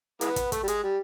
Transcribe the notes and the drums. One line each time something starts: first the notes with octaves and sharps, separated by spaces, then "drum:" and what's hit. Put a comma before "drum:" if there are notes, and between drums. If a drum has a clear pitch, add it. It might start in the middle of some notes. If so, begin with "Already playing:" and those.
E3 G#3 B3, drum: hi-hat
drum: kick, hi-hat
A3, drum: kick, hi-hat
G3
G#3, drum: hi-hat
G3